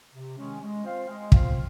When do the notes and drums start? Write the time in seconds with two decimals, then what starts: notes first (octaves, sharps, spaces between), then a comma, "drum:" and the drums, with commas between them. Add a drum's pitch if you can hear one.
0.14 C3
0.37 D#3 G#3 C#4
0.61 G#3
0.85 C4 F4 C5 F5
1.08 G#3
1.32 C4 F4 C5 F5, drum: kick